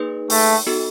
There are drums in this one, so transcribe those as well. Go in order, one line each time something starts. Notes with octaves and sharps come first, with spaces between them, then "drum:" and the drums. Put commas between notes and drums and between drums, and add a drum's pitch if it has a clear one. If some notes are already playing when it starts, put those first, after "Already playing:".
Already playing: A#3 D#4 G#4 B4
A3, drum: open hi-hat
B3 D#4 F#4 A4